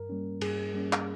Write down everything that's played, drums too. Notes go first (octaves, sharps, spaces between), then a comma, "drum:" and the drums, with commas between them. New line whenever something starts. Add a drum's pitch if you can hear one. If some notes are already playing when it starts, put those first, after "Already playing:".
Already playing: G2 A#4
G3 A#3 C#4
G2 G#4, drum: cymbal
G3 A#3 C#4
drum: clap